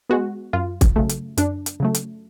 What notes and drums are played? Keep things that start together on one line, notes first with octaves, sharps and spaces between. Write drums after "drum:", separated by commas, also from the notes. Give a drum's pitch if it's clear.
G#3 B3 F#4
F#2 F4
drum: kick, hi-hat
C#3 F#3 A3
drum: hi-hat
F#2 D4, drum: hi-hat
drum: hi-hat
C#3 F#3 A3
drum: hi-hat